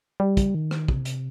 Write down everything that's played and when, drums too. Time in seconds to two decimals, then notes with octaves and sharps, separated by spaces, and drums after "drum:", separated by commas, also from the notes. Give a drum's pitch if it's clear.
0.20 G3
0.37 drum: kick, hi-hat
0.55 D#3
0.71 drum: rim click
0.88 C3, drum: kick
1.05 drum: hi-hat